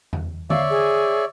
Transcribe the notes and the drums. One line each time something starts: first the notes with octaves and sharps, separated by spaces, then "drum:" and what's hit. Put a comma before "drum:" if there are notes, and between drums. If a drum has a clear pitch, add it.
drum: tom E2
C#5 D5 E5 F5, drum: tom D3
G#4